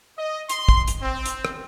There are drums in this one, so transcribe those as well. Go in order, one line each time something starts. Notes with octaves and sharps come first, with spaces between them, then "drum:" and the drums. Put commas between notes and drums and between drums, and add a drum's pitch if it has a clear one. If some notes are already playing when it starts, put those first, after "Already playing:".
D#5
C6, drum: hi-hat
drum: kick
drum: hi-hat
C4
drum: hi-hat
drum: rim click